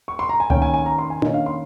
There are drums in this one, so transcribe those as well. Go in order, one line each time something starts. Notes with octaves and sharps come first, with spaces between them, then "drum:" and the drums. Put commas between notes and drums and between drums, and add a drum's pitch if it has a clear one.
C#6
C6
A#5
G#5
D#3 A#3 C#4 G5, drum: tom C#2
G#5
G#5
A#5
C6
G#5
D#3 A#3 C#4 D#5, drum: tom D4
F5
C6